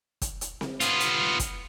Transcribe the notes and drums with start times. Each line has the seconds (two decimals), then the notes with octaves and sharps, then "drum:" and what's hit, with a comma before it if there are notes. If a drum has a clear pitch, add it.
0.21 drum: kick, hi-hat
0.41 drum: hi-hat
0.61 drum: snare C4
0.80 B3 F4, drum: hi-hat
1.00 drum: hi-hat
1.39 drum: kick, hi-hat